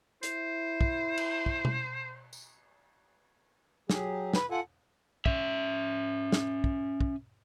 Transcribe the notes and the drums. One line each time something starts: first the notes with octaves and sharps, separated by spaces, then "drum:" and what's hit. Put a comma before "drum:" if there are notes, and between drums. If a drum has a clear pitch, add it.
E4 C5, drum: hi-hat
drum: kick
drum: cymbal
drum: kick
drum: tom B2
drum: tambourine
F#3 G4 G#4, drum: snare
B4, drum: snare
F4 A4 F#5 G#5
C#4 E5, drum: kick
drum: snare
drum: kick
drum: kick